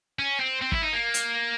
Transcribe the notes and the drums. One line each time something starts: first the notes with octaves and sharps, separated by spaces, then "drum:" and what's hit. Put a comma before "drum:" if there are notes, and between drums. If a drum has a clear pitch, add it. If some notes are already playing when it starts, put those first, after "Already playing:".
C#4
C4
C4
E4, drum: kick
D#4
A#3
drum: hi-hat